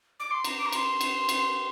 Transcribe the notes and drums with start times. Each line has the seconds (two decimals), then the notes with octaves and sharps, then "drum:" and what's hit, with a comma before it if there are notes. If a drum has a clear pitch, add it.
0.20 D6
0.31 C6
0.44 A#5, drum: cymbal
0.58 D6
0.66 A#5
0.73 C6, drum: cymbal
1.01 drum: cymbal
1.29 drum: cymbal